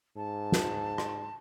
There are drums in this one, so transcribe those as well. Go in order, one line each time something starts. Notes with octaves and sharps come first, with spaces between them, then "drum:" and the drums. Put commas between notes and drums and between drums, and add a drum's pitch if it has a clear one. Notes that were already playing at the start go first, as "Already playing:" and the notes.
G#2 A5
drum: snare
drum: rim click